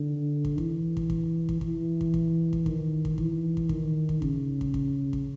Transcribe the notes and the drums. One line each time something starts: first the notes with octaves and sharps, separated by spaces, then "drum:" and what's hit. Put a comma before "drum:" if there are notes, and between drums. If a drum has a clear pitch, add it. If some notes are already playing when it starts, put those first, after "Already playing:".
Already playing: D3
drum: kick
E3, drum: kick
drum: kick
drum: kick
drum: kick
E3, drum: kick
drum: kick
drum: kick
drum: kick
D#3, drum: kick
drum: kick
E3, drum: kick
drum: kick
D#3, drum: kick
drum: kick
C#3, drum: kick
drum: kick
drum: kick
drum: kick